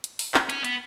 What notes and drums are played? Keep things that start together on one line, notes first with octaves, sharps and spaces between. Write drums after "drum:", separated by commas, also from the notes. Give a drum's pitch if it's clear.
drum: hi-hat
drum: open hi-hat
drum: clap
C#4, drum: hi-hat
B3, drum: hi-hat